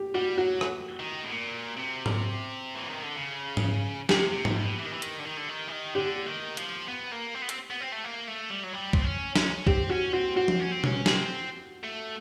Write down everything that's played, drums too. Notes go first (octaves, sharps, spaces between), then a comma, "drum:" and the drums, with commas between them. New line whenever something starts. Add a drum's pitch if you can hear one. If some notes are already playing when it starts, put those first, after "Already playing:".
Already playing: G4
G3 F#4
F#3 F#4
drum: rim click
D#3
A2
A#2
C3
drum: tom
E3
D#3
D3
C#3
drum: tom
C3 G4, drum: snare
C3
drum: tom
B2
E3
D#3
E3
D#3, drum: hi-hat
D3
D#3
D3
D#3
E3
D#3
D3 G4
D#3
F3, drum: hi-hat
B3
A#3
C4
B3
C4, drum: hi-hat
B3
C4
A3
A#3
A3
G3
F#3
G3
C4, drum: kick
C#4
C#4, drum: snare
C4 G4, drum: kick
C#4 F#4
C4 F#4
C4 F#4
drum: tom F3
C#4
C4
C#4, drum: tom B2
C4, drum: snare
A3